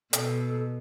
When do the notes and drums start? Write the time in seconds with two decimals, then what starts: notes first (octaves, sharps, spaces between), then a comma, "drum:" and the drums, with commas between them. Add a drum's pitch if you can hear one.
0.13 B2 A4, drum: hi-hat